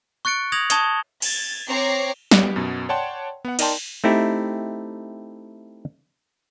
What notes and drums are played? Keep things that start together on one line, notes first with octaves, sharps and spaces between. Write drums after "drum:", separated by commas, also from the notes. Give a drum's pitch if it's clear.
C#6 F#6 A6 C#7 D7
D#6 G#6 A#6 F7 F#7
A5 C#6 D#6 G#6 E7 G7, drum: hi-hat
G#6 A6, drum: cymbal
C4 C#5 A#5 C#6 D6 C7
B3 G4, drum: snare
F#2 B2
C#5 D5 F#5 G5 A5 C6
B3 F#5
D#4 A#4 D5 G5 A5 C6, drum: cymbal
A3 C4 D#4 E4 G4